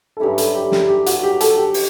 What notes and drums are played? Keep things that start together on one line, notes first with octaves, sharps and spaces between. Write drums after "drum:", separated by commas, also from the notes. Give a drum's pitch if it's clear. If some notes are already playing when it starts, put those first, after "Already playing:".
A4
G2 F#3 C#4 E4 G4
A4, drum: hi-hat
G4
G4, drum: snare
G4
F#4, drum: hi-hat
G4
A4, drum: hi-hat
G4
drum: open hi-hat